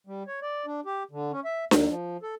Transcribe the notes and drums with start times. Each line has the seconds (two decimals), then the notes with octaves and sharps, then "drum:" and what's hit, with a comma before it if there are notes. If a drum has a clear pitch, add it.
0.07 G3
0.27 C#5
0.42 D5
0.66 D4
0.85 G4
1.11 D3
1.32 C#4
1.44 E5
1.71 D#2, drum: snare D4
1.87 F3
2.23 A4